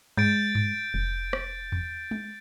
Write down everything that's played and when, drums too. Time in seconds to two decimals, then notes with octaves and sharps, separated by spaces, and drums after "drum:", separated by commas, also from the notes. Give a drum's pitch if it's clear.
0.17 G#3 G6 A6 D7, drum: tom G2
0.55 drum: tom G2
0.94 F1
1.33 drum: rim click
1.72 drum: tom E2
2.11 drum: tom G#3